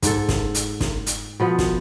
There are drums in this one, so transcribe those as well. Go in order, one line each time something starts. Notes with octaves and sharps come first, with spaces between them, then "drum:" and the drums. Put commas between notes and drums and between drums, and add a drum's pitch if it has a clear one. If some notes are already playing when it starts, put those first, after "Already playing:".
G#2 A4, drum: kick, hi-hat
drum: snare
drum: hi-hat
drum: snare
drum: hi-hat
B2 F3 B3
drum: snare